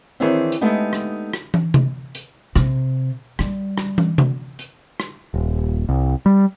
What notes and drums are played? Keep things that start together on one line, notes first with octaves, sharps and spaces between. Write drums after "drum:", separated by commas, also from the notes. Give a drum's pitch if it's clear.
D#3 E3 C4 D4 G#4 C#5
drum: hi-hat
G#3 A3 B3 D4 D#4 G4
drum: rim click
drum: rim click
drum: tom
drum: tom C3
drum: hi-hat
C3, drum: rim click
G3, drum: rim click
drum: rim click
drum: tom
drum: tom C3
drum: hi-hat
drum: rim click
D#1
C2
G3